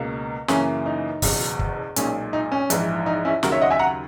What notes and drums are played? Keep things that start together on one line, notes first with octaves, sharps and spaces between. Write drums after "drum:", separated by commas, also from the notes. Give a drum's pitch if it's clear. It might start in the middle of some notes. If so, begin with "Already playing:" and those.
Already playing: C#2 B2 A#3
F#2 C#3 E3 A#3 C#4, drum: snare
D#4
F#1 E2 B2, drum: kick, open hi-hat
drum: kick
B1 A#2 G#3 C#4, drum: hi-hat
D#4
C#4
A#1 G#2 E3, drum: hi-hat
D#4
C#4 E4
D#2 C#3 F#3 F#4 A#4, drum: snare
C#5 E5
D#5 F#5
E5 G#5
F#5 A#5